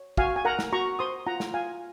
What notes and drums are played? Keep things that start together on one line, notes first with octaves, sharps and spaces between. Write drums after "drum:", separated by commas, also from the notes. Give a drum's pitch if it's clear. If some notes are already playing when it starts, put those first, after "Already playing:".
Already playing: C#5
F#4 F5 G#5, drum: kick
G#5
A#4 F#5 A#5
drum: snare
F#4 A#5 C#6
C5 C6 D#6
F4 F#5 A#5
drum: snare
F4 F5 G#5